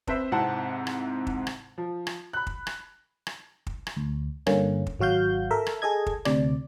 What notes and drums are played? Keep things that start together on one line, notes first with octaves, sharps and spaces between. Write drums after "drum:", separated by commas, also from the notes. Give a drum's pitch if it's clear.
C4 B4 C5 E5, drum: kick
G#2 C3 C4 E4 F#5 A5
drum: rim click
drum: kick
drum: rim click
F3
drum: rim click
B5 F#6
drum: kick
drum: rim click
drum: rim click
drum: kick
drum: rim click
D2
G2 D3 A#3 C#4, drum: rim click
drum: kick
G#1 F#3 F#4 F5 G6
A4 A#4 E5
drum: rim click
G#4 A4 D#5 G#6
drum: kick
D2 C3 D5, drum: rim click